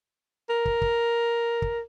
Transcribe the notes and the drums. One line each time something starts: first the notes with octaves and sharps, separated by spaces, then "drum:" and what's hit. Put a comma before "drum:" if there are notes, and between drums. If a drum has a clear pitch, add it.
A#4
drum: kick
drum: kick
drum: kick